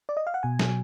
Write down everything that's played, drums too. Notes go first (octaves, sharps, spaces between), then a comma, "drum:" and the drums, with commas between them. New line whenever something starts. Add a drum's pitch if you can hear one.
D5
D#5
F5
F#5
B2 G#5
F#3, drum: snare